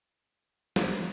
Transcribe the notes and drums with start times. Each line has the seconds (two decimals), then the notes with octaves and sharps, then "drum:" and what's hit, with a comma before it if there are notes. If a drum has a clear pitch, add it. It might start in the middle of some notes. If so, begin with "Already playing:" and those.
0.76 B3 C5, drum: snare